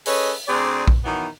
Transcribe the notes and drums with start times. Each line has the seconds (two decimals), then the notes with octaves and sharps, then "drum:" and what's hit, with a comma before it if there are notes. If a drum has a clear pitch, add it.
0.06 C#4 G#4 A4 B4 C#5 D#5, drum: open hi-hat
0.48 D2 C4 D4 G#4 D5
0.88 drum: kick A#1
1.04 D#3 E3 F#3 B3